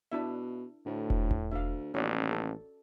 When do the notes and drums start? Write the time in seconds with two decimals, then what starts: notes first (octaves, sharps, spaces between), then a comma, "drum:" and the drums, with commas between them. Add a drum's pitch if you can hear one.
0.12 B2 D4 E4 E5
0.86 D2 A2
1.10 drum: kick
1.31 drum: kick
1.51 D2 E5 F5
1.94 D#1 A1 C#4 F#4 D5
2.31 A4